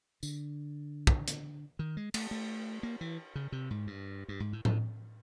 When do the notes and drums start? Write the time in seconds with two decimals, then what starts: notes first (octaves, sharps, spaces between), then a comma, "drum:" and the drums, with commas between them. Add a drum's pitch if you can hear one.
0.23 D3, drum: tambourine
1.07 drum: kick
1.28 drum: hi-hat
1.79 D#3
1.97 G#3
2.14 A3, drum: cymbal
2.31 A3
2.83 A#3
3.01 E3
3.35 C#3
3.52 C3
3.70 G#2
3.87 G2
4.28 G2
4.40 G#2
4.53 A2
4.65 A2, drum: tom A2